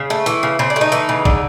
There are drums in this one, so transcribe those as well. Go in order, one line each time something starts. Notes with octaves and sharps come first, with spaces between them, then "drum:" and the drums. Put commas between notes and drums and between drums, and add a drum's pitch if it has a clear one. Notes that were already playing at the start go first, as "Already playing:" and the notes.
Already playing: C#3
A3
E3, drum: hi-hat
C#3
C#3 C4
D4
A3
D#4
E3, drum: hi-hat
C#3
D3, drum: kick